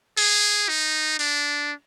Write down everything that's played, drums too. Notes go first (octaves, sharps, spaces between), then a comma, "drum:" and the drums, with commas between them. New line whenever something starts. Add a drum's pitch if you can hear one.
G#4, drum: cymbal
D#4
D4, drum: open hi-hat